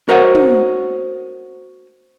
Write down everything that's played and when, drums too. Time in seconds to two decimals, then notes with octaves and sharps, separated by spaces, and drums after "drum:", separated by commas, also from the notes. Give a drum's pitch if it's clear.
0.09 F#4 A#4 C5 C#5 D#5 F#5
0.35 drum: tom